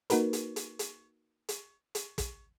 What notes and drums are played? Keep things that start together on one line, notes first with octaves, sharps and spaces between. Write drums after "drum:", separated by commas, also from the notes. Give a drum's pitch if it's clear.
A#3 D#4 F#4 A#4 B4, drum: hi-hat
drum: hi-hat
drum: hi-hat
drum: hi-hat
drum: hi-hat
drum: hi-hat
drum: kick, hi-hat